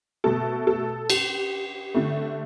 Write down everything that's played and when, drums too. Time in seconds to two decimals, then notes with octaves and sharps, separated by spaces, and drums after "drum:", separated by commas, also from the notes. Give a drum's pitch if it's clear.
0.24 B2 A3 A4
0.67 A4
1.10 G4, drum: cymbal
1.95 D3 A3